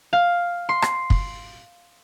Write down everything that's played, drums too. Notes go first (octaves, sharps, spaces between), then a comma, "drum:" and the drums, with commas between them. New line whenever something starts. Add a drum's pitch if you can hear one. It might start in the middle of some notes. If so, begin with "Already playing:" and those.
F5
C6
drum: rim click
drum: kick